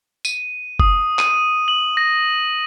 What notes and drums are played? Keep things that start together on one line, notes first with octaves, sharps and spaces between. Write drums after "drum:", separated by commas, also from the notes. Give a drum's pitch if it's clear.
D#7, drum: tambourine
D#6, drum: kick
D#7, drum: clap
F#7
A#6